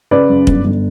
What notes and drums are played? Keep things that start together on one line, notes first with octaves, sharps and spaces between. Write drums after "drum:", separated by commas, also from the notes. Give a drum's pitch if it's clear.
C#3 B4 D5
F#2
G1, drum: kick
G1